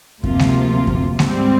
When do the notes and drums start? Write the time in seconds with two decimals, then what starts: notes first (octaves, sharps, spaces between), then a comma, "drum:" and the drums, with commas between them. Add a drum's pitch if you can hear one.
0.24 D2 C3 F3 A#3 F4, drum: kick F#2
0.39 drum: snare G#3
0.87 drum: kick F#2
1.19 G#2 G3 C4, drum: snare G#3